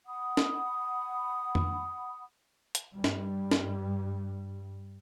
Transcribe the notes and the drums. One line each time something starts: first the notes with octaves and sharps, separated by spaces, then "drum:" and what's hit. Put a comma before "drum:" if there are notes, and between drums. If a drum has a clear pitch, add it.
F#5 B5 D#6
drum: snare
drum: tom F2
drum: hi-hat
G2 G3
drum: snare
drum: snare